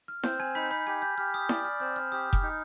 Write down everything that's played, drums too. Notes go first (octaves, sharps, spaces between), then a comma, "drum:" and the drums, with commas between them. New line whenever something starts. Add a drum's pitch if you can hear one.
F6
C4 G6, drum: snare E4
G#5 G#6
D#4 B5 B6
B5 B6
G4 G#5 G#6
G6
G4 F6
D#6
D5 D#6, drum: snare E4
F6
C4 G6
F6
G4 D#6
F6, drum: kick F1
D#4